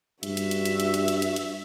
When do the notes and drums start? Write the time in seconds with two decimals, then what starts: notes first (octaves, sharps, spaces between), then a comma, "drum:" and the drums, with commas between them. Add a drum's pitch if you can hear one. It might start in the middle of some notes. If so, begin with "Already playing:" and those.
0.23 G2 F#4 E5, drum: hi-hat
0.37 drum: hi-hat
0.51 drum: hi-hat
0.65 drum: hi-hat
0.80 drum: hi-hat
0.94 drum: hi-hat
1.08 drum: hi-hat
1.22 drum: hi-hat
1.36 drum: hi-hat